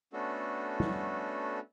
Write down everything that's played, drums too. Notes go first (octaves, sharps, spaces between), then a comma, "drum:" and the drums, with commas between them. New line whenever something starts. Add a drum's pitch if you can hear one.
A3 B3 C#4 D4 F#4 A4
drum: tom G3